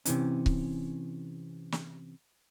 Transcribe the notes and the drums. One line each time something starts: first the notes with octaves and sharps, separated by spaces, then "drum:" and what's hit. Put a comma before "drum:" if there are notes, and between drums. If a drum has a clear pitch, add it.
C3 E3 C#4, drum: hi-hat
drum: kick C#1
drum: snare